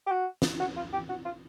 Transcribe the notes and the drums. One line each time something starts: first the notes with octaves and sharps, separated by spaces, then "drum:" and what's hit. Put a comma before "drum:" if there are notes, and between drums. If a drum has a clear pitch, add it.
G4
F#4
drum: snare
F#4
F4
G4
F#4
F4